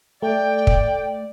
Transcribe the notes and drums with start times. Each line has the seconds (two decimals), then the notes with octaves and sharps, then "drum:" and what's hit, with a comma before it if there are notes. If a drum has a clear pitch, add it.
0.23 A3 D5 G5
0.67 drum: kick